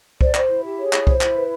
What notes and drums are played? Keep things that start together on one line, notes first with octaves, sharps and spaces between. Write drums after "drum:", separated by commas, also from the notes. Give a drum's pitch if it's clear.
C5 D5, drum: kick C2
C5, drum: clap
E4
G4
G#4 C#5
E4, drum: clap
C5, drum: kick C2
E4, drum: clap
B4